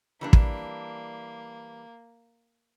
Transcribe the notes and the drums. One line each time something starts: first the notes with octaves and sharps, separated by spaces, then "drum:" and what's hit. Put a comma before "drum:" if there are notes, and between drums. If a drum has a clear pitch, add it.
E3 G3 A#3 D4
drum: kick